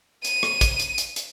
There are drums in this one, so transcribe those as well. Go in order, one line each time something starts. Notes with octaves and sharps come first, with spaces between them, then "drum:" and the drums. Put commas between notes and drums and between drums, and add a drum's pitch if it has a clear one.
D#7, drum: hi-hat
drum: rim click
drum: kick, hi-hat
drum: hi-hat
drum: hi-hat
drum: hi-hat